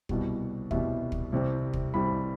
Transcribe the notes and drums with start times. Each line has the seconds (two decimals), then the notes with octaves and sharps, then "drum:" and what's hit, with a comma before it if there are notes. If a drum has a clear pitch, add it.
0.09 C2 B2 G3, drum: kick
0.71 C2 B2 G3 E5, drum: kick
1.12 drum: kick
1.32 C2 C3 G3
1.73 drum: kick
1.94 C2 C3 G3 B5